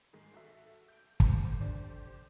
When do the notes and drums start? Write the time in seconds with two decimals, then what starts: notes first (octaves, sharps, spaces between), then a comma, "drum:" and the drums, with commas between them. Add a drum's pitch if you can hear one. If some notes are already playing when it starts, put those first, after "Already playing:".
0.13 G#2 D#3 G#3
0.34 F#4 A4 E5
0.88 G6 D7
1.20 C4 G4 A4 C5, drum: kick
1.61 D4 A4